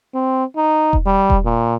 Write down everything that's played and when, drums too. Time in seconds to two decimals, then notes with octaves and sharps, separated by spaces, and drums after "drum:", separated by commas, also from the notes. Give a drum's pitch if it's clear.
0.14 C4
0.56 D#4
0.93 drum: kick E1
1.06 G3
1.30 drum: kick E1
1.45 A#2